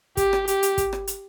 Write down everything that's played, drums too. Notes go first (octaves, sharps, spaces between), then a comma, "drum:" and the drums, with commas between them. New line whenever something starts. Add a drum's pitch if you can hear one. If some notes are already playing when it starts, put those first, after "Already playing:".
G4, drum: kick, hi-hat
drum: rim click
G4, drum: hi-hat
drum: hi-hat
drum: kick, hi-hat
drum: rim click
drum: hi-hat